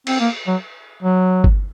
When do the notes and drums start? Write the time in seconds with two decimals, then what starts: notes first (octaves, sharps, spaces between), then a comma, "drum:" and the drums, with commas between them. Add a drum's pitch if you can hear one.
0.07 C4, drum: cymbal
0.20 A#3
0.47 F#3
1.03 F#3
1.44 drum: kick G1